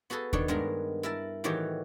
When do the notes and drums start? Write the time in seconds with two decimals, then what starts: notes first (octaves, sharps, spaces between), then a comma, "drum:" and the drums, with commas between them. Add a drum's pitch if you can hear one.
0.10 B3 F#4 G#4 A4 B4
0.33 D#3 D4 C#5, drum: kick D#2
0.48 G2 G#3 B3 A#4 A#5
1.03 E4 A#4 E5 A5
1.44 A2 D#3 E3 F#4 G4 C#5